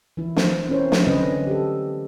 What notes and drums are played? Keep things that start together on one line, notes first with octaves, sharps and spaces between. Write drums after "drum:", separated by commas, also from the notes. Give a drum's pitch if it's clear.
E3 E4
C5, drum: snare
C4 C#4 E4 A#4 C5 C#5
drum: snare
D3 F#3 C#4 B4 C5 D#5
G4 A4